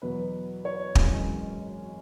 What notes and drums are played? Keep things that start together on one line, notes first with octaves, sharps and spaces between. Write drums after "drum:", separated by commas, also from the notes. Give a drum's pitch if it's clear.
E2 B2 F#3 B4
C#5
G#1 F#2 E3 G#3 C#4, drum: kick